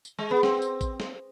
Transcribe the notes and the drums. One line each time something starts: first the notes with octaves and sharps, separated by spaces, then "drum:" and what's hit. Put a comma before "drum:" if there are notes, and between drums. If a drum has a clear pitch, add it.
drum: tambourine
G#3
B3
C4, drum: snare
drum: tambourine
drum: kick A1, tambourine
drum: snare